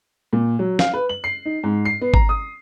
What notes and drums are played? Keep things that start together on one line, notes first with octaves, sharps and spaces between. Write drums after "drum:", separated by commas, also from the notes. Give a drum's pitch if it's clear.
A#2
F#3
F5, drum: snare
B4
F#7
C7
D#4
G#2
C7
B3
A#5, drum: kick G#1
D#6